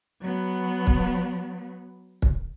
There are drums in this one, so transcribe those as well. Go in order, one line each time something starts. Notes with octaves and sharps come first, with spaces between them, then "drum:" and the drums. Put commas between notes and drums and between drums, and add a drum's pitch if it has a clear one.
F#3 B3
drum: kick
drum: kick